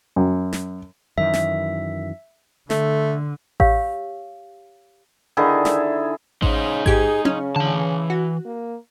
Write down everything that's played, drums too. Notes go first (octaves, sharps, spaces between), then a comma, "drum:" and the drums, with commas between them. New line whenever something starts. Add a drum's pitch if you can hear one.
F#2
drum: snare
F#2 D#3 E3 E5
drum: snare
D3 A3, drum: snare
G4 C#5 F5 E6, drum: kick A1
D3 D#3 E4 G#4
E5, drum: snare
C#3 D#4 C5, drum: kick A1
G#2 G4 G#4 G#6, drum: kick A1
C#3 C#4, drum: tom C#4
D3 E3 A5
F#4
A#3